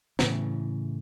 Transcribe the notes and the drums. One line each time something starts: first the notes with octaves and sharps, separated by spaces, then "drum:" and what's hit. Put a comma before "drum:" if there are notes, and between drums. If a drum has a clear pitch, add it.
A2 C#3 E3, drum: snare